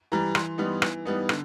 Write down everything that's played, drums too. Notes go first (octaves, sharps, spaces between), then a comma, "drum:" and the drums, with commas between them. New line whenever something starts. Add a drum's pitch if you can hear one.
E3 G3 A#5
E3 C6, drum: rim click
G3 B3 D#4
E3, drum: rim click
G3 B3 D#4
D3, drum: rim click